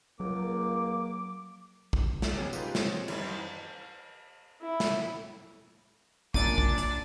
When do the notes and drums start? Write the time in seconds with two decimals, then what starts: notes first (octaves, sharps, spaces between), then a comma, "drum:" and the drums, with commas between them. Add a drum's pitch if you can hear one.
0.20 C#2 F#3 A#3 D6
1.93 drum: kick
2.22 drum: snare
2.35 C3 F#3 G#3 B3 C#4 G#4
2.53 D#4 F4 G4 B4, drum: tambourine
2.75 F3 G#3 C4 C#5, drum: snare
3.08 F#2 D#3 E3 G3 E4, drum: cymbal
4.61 E4
4.80 drum: snare
6.34 F#2 A#2 D4 D5 A6 D#7, drum: kick
6.58 drum: kick
6.78 drum: hi-hat